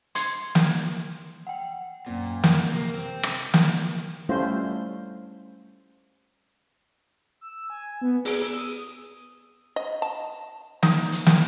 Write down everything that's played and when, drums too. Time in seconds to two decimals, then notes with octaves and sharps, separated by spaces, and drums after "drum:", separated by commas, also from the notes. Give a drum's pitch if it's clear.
0.15 C6 G#6 A6 C#7, drum: hi-hat
0.55 drum: snare
1.47 F#5 G5
2.06 F#2 A#2 A#3 C4
2.43 A#4, drum: snare
2.73 C3 A#3
2.93 C4
3.23 drum: rim click
3.54 drum: snare
4.29 G3 A3 C#4 E4 F4 C5
7.41 E6
7.70 G#5
8.01 B3
8.25 G#4, drum: open hi-hat
8.42 E6
8.57 D#6
9.76 D#5
10.02 A5
10.83 D#4, drum: snare
11.12 drum: hi-hat
11.26 drum: snare